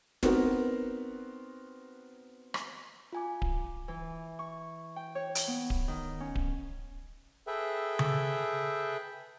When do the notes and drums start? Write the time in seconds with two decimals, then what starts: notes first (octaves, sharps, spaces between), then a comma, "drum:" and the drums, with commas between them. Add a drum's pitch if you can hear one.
0.23 B3 C4 D#4 F#4 A#4, drum: snare
2.54 drum: rim click
3.13 F4 G#5 D6
3.42 drum: kick D1
3.88 E3
4.39 C#6
4.96 G5
5.15 C#5
5.35 drum: hi-hat
5.47 B3
5.70 drum: kick D1
5.88 D#3
6.20 C#4
6.35 drum: kick D1
7.47 G#4 A4 B4 E5 G5
7.99 drum: tom C#3